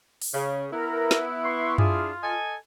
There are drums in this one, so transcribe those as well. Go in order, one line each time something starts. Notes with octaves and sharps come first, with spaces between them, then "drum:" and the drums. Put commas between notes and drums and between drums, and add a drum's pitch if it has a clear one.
drum: open hi-hat
C#3
B3 E4 A#4
drum: snare
C6 C#6
D4 E4 F4 G#4, drum: tom F#2
A4 D#5 G#5